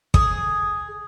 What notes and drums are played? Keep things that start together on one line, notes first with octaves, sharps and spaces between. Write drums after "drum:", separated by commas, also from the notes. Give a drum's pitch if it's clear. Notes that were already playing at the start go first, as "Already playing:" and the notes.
G#4, drum: kick